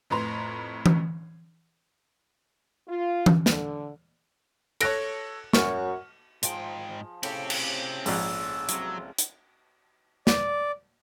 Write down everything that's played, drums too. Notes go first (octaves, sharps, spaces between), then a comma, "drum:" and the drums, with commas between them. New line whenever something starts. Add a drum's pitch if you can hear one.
F2 A2 B4 A#5 C6 F7
drum: tom E3
F4
drum: tom E3
D3, drum: snare
A4 C#5 F#6 A#6 D7, drum: cymbal
F#2 F#4 C#6 F6, drum: snare
G#2 F3 G#4 C5 G5, drum: hi-hat
A2 C#3 C4 G4, drum: cymbal
drum: cymbal
A#1 G#2 E6, drum: open hi-hat
C3 F#3 F5 C6, drum: hi-hat
drum: hi-hat
D5, drum: snare